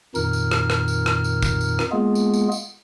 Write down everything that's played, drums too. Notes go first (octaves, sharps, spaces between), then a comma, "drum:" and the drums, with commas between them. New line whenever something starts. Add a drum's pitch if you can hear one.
F2 A#2 D#3 D#4 F6, drum: tambourine
drum: tambourine
drum: rim click
drum: rim click
drum: tambourine
drum: rim click
drum: tambourine
drum: kick, tambourine
drum: tambourine
drum: rim click
G#3 A#3 B3 F4 G#4
drum: tambourine
drum: tambourine
drum: tambourine